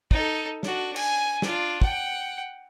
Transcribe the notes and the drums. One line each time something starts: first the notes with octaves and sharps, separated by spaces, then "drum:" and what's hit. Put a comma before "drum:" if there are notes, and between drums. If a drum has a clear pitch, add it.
D#4 A4, drum: kick
D4 F#4, drum: snare
G#5, drum: cymbal
D4 F4, drum: snare
F#5 G5, drum: kick